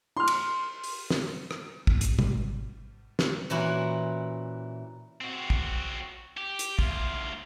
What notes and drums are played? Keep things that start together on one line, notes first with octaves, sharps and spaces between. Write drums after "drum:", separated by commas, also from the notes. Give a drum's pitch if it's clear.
C6 F6
drum: cymbal
drum: open hi-hat
drum: snare
drum: rim click
G#1, drum: kick
drum: hi-hat
drum: tom
drum: snare
A#2 E3 C#4 E4 F#4
C4 F#4
drum: kick
G4
drum: hi-hat
D2 F4, drum: kick